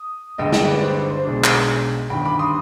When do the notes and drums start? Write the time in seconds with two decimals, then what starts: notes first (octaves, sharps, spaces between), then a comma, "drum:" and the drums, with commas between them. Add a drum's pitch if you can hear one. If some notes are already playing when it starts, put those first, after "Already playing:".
Already playing: D#6
0.38 G1 G2 D3 G#3 D#5 G5
0.53 D#5 G5, drum: snare
0.68 B4 D5
0.81 C5
0.96 C5
1.11 C5
1.25 B1 B2 G#3 D4
1.44 drum: clap
2.10 G1 G2 D#3 G5 B5
2.25 B5 D6
2.39 C6 D#6